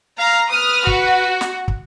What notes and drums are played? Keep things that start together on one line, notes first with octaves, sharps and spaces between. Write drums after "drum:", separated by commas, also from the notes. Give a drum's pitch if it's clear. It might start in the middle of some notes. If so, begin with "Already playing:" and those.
F5 A#5
B4 D#6 F6
F#4, drum: kick
drum: snare
drum: kick